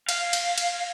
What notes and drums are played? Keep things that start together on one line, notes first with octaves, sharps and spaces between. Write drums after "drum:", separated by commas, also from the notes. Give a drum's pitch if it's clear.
F5, drum: cymbal
drum: cymbal
drum: cymbal